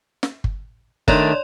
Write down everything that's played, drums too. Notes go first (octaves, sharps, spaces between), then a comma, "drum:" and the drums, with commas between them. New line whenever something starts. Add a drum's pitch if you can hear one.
drum: snare
drum: kick G1
D#3 A3 D4 C#5 D5 C6, drum: kick G1